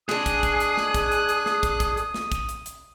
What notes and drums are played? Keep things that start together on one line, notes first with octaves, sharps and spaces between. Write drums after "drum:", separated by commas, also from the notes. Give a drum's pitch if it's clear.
G#3 D4 G#4 D#6 F#6, drum: snare
drum: kick, hi-hat
drum: kick, hi-hat
drum: hi-hat
drum: snare
drum: kick, hi-hat
drum: hi-hat
drum: hi-hat
drum: snare
drum: kick, hi-hat
drum: kick, hi-hat
drum: hi-hat
drum: snare
drum: kick, hi-hat
drum: hi-hat
drum: hi-hat